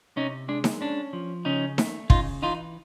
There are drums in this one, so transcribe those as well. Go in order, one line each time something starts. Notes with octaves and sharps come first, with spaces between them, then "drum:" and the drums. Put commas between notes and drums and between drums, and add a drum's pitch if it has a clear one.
C3 C#4 D#4
G#3 D4
drum: snare D#4
C#4 D4
F3
C#3 C#4 D#4
A3, drum: snare D#4
C#3 D#4 F4, drum: kick
E3 D#4 F4